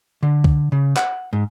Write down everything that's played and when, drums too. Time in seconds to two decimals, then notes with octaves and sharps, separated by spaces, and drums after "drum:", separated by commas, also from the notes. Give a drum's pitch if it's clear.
0.23 D3
0.44 drum: kick C2
0.72 C#3
0.97 F#5, drum: clap
1.33 G#2